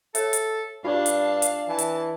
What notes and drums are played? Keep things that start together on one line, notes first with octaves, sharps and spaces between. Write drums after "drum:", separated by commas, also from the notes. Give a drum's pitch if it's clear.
A4 C#5 E5, drum: hi-hat
drum: hi-hat
G2 D4 F4 G4 D5 F5 A5
drum: hi-hat
drum: hi-hat
E3 A5
drum: hi-hat